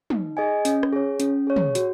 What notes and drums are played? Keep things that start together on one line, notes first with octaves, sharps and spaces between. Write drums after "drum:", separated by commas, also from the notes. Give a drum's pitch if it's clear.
D#4, drum: tom
G#4 D#5 G#5
C#4, drum: hi-hat
drum: rim click
G#4 C#5
C#4, drum: hi-hat
G#4 C#5
drum: tom
F#4, drum: hi-hat